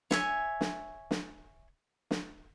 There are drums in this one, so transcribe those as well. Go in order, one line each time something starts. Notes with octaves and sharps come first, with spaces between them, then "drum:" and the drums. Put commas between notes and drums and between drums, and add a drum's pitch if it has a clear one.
C#5 E5 G#5, drum: snare
drum: snare
drum: snare
drum: snare